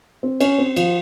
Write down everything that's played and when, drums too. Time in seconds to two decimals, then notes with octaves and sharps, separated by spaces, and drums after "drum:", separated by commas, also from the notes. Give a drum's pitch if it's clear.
0.23 C4
0.40 C#4, drum: cymbal
0.58 C4
0.76 F3, drum: cymbal